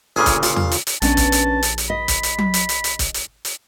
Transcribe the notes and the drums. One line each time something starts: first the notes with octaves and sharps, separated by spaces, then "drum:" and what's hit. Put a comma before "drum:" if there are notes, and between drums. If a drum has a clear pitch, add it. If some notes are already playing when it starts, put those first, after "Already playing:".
G1 A#2 C#3 G#4
drum: kick, hi-hat
F4, drum: hi-hat
drum: tom E2
drum: hi-hat
drum: hi-hat
A#1 B3 C#4 D4 A5, drum: hi-hat
drum: kick, hi-hat
drum: hi-hat
drum: hi-hat
drum: hi-hat
D#5 B5
drum: kick, hi-hat
drum: hi-hat
drum: tom F#3
drum: hi-hat
drum: hi-hat
drum: hi-hat
drum: kick, hi-hat
drum: hi-hat
drum: hi-hat